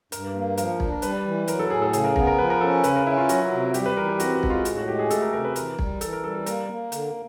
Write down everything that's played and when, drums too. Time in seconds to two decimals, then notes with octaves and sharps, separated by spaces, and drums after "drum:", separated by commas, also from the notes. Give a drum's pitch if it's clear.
0.12 G2 A#4, drum: hi-hat
0.34 A#3
0.57 F3 A#4, drum: hi-hat
0.80 D4, drum: kick
0.92 A#4
1.02 G3 B4, drum: hi-hat
1.25 E3
1.48 F#3 A#4, drum: hi-hat
1.59 A4
1.70 A2 G#4
1.82 A4
1.93 C#3 G#4, drum: hi-hat
2.04 A#4
2.16 B3 A#4, drum: kick
2.27 A#4
2.38 F3 B4
2.50 A#4
2.61 C#4 A4
2.84 C#3 B4, drum: hi-hat
2.96 A#4
3.06 C#4 E4
3.17 F4
3.29 F#3 F#4, drum: hi-hat
3.52 C3
3.74 G3 G4, drum: hi-hat
3.86 B4
3.97 E3 A#4
4.09 G4
4.20 C4 F#4, drum: hi-hat
4.35 F#4
4.43 G#3, drum: kick
4.50 F4
4.65 A2, drum: hi-hat
4.76 F#4
4.88 G#3 G4
4.99 G#4
5.10 A3 A4, drum: hi-hat
5.22 A#4
5.33 C3 A#4
5.45 B4
5.56 E3 A#4, drum: hi-hat
5.79 G3, drum: kick
6.01 E3 A4, drum: hi-hat
6.13 A#4
6.24 G3 A4
6.35 A4
6.46 A#3 A#4, drum: hi-hat
6.69 A#3
6.92 D3, drum: hi-hat